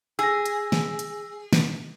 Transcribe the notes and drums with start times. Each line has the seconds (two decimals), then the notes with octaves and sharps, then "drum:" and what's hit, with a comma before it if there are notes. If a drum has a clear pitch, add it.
0.19 G#4 E6 A#6
0.45 drum: hi-hat
0.72 drum: snare
0.99 drum: hi-hat
1.53 drum: snare